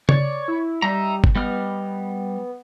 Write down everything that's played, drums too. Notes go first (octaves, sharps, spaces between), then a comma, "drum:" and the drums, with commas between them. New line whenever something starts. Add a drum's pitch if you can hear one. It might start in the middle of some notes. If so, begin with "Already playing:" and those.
C#5 D5, drum: tom C#3
E4
G3 D#4 E5 A#5
drum: kick G1
G3 B3 D#5 F6